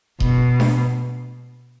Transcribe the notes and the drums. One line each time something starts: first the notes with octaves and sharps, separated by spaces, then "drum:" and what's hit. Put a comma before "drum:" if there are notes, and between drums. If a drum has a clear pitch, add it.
B2, drum: kick D#1
drum: snare D4